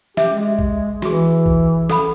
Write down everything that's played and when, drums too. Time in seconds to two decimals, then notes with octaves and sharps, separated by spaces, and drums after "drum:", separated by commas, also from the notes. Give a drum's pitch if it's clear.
0.17 G4 E5, drum: snare
0.33 G#3
0.59 drum: kick A#1
1.02 E3 F#4 G#4, drum: snare
1.46 drum: kick A#1
1.90 A4 F#5 B5, drum: snare